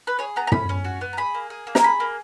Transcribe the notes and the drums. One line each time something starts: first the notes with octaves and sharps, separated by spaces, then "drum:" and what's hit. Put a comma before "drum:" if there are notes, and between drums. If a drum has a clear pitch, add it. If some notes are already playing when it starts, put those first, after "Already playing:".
B4
G#4 C#5
B3 A#5
A#5
C#4 B5, drum: tom
C#4
F#4
B3
A#5
G#4 B5
A#3
G#4
A#3
A#5, drum: snare
G#4 B5
A#3